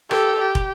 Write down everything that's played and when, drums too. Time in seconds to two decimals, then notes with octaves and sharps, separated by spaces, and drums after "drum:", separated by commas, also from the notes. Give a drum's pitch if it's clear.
0.11 G4 A4, drum: rim click
0.40 G4
0.55 drum: kick